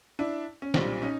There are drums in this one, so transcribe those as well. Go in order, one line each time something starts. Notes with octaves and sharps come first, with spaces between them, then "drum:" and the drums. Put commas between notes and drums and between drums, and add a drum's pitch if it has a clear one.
D4 E4
C#4
B1 A#2 G3 C4 D4, drum: snare
C#4 D#4